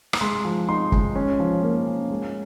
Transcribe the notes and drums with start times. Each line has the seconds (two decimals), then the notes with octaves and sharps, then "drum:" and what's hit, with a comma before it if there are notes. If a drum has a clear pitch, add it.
0.13 A#5, drum: rim click
0.21 G#3 C6
0.45 F3
0.68 D#4 C6
0.92 G#3, drum: kick
1.15 C#4
1.40 F3
1.63 A#3
1.86 C#4
2.10 G#3